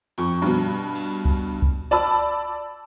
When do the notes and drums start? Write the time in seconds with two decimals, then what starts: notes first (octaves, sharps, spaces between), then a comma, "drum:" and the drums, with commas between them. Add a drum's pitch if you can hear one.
0.18 F2 C#6, drum: cymbal
0.42 G2 B2
0.95 drum: cymbal
1.25 drum: kick C#2
1.62 drum: kick C#2
1.91 D5 A5 B5 E6